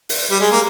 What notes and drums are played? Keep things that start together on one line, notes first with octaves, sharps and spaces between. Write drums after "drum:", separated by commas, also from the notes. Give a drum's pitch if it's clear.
drum: open hi-hat
G3
G#3
A#3